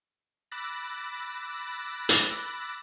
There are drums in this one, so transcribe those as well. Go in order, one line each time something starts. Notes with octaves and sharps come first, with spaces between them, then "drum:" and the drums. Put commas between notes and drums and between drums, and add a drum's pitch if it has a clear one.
B5 D6 E6 F#6 A6 A#6
drum: hi-hat